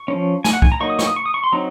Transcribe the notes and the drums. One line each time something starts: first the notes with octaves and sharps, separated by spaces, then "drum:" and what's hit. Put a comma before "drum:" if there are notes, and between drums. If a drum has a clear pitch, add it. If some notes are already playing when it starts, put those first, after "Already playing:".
Already playing: C#6
F3 A#3 C#4
G#5, drum: snare
F#5
G#5, drum: kick
A#5
F#3 A#3 D#4 C#6
D#6
C#6, drum: snare
D#6
C#6
D#6
C#6
C6
F#3 C4 D#4 A#5